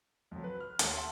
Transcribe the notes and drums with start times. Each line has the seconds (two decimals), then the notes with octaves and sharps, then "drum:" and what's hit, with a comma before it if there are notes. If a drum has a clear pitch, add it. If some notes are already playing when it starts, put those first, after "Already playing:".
0.31 F2 F#3
0.44 B4
0.60 F6
0.79 D#2 C#4, drum: hi-hat
0.93 E5 F#5 A5 C6